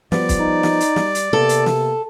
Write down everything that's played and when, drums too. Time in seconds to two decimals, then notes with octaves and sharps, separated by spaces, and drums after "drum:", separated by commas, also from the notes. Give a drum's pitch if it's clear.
0.12 F3 G3 B3 D5, drum: snare
0.29 drum: kick, hi-hat
0.39 D#4
0.63 drum: snare
0.80 drum: hi-hat
0.96 G3, drum: snare
1.15 drum: hi-hat
1.33 C3 A#3 B3 A4
1.49 drum: hi-hat
1.66 drum: snare